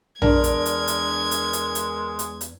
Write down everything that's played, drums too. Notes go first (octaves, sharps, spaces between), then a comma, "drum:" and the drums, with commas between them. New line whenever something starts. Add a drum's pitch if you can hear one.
E2 G#3 D4 A#4 G#6, drum: tom A#1
drum: hi-hat
drum: hi-hat
drum: hi-hat
drum: hi-hat
drum: hi-hat
drum: hi-hat
drum: hi-hat
drum: hi-hat